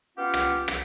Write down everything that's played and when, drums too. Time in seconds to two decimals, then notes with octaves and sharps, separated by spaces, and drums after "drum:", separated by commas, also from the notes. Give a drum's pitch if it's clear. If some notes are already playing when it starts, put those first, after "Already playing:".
0.17 B3 C#4 F4 G4 F5 F#5
0.34 drum: rim click
0.68 drum: rim click